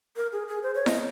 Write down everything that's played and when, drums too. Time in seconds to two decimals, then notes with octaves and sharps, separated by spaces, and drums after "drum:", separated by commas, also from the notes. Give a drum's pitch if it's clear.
0.16 A#4
0.32 G#4
0.48 G#4
0.63 C5
0.75 C#5
0.86 D#5, drum: snare E4